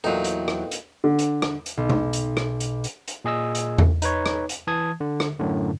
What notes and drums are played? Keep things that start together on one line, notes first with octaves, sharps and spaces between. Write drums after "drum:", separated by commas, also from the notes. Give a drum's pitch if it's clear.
E2 A#2 F#3 D#4 A4 B4 G5
drum: hi-hat
drum: rim click
drum: hi-hat
D3
drum: hi-hat
drum: rim click
drum: hi-hat
B1
drum: tom B2
drum: hi-hat
drum: rim click
drum: hi-hat
drum: hi-hat
drum: hi-hat
A#2 G#4 D#5 E6
drum: hi-hat
drum: tom E2
D#4 B4 C#5, drum: hi-hat
drum: rim click
drum: hi-hat
E3 A5 D#6 G#6
D3
drum: rim click
F#2 A2 D3